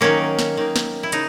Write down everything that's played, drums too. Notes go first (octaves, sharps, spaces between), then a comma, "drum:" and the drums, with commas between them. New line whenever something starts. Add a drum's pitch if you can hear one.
D#3 F#3 A#3 C#4
drum: snare
D#3 A#3
drum: snare
E4
C#3 D#4, drum: hi-hat